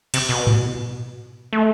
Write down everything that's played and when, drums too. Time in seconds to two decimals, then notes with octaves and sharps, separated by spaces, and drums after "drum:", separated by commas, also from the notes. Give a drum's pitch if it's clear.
0.14 C3, drum: cymbal
0.29 B2
0.47 drum: tom G#2
1.53 A3